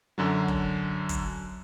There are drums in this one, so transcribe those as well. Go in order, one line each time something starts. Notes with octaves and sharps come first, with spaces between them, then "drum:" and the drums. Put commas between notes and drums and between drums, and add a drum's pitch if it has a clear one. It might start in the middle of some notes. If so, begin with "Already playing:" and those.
F#2 D3 F#3
drum: kick
drum: kick, hi-hat